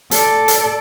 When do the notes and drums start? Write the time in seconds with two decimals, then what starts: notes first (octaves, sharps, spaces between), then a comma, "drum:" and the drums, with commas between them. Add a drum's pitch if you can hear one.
0.11 A4 D5, drum: hi-hat
0.48 drum: hi-hat